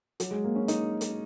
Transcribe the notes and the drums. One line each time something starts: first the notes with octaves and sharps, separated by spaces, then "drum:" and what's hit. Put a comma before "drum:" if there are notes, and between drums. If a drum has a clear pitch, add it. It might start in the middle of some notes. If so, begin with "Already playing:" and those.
F#3, drum: hi-hat
G#3
A#3
C#4
D#4, drum: hi-hat
drum: hi-hat